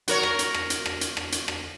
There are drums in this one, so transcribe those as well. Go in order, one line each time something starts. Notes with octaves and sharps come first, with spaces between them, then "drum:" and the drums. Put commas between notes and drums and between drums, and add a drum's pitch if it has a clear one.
F#4 A#4 C#5, drum: hi-hat
drum: rim click
drum: hi-hat
drum: rim click
drum: hi-hat
drum: rim click
drum: hi-hat
drum: rim click
drum: hi-hat
drum: rim click